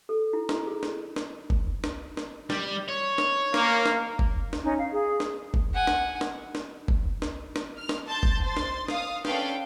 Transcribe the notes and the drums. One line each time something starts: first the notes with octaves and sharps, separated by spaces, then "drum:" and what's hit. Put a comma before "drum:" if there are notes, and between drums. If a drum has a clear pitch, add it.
A4
E4
E4, drum: snare
G#4
drum: snare
drum: snare
drum: kick F#1
drum: snare
drum: snare
G3, drum: snare
C#5
drum: snare
A#3, drum: snare
drum: snare
drum: kick F#1
drum: snare
C#4 D#4
F5
G#4
drum: snare
drum: kick F#1
F#5 G#5
drum: snare
drum: snare
drum: snare
drum: kick F#1
drum: snare
drum: snare
F6
drum: snare
A5 C6 G6 A6
drum: kick F#1
C5 C6 A6
drum: snare
F5 D#6, drum: snare
C#4 D4 A4 B4 F5 G5, drum: snare